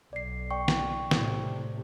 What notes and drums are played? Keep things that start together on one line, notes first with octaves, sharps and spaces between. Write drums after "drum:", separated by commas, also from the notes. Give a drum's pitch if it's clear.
B1 D5 C7
D5 G5 C#6
drum: snare
A2 C3, drum: snare